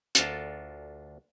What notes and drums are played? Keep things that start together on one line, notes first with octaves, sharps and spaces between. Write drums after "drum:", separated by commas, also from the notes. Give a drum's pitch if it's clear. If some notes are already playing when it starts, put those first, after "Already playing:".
D2 D4 F4 A4 A#4 A5, drum: hi-hat